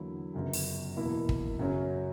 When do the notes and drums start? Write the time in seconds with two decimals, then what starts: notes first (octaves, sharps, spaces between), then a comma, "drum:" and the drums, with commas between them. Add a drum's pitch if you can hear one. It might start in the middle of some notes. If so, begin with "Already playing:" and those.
Already playing: E2 D3 F#3 A#3 E4
0.34 G1 F#2 C#3
0.53 drum: open hi-hat
0.97 E2 B2 A#3 E4
1.29 drum: kick
1.59 F#2 C#3 F#3 C#4